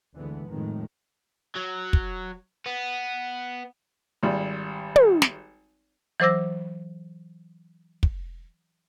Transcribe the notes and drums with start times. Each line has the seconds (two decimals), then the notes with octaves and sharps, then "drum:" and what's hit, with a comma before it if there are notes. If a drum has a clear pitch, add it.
0.14 D2 D3 E3 G#3 B3
0.46 F2 A2 D#3 G#3
1.56 F#3
1.93 drum: kick
2.66 B3
4.23 G#1 G3
4.96 drum: tom
5.22 drum: snare
6.20 E3 F#3 C5 D6 E6 A#6
8.03 drum: kick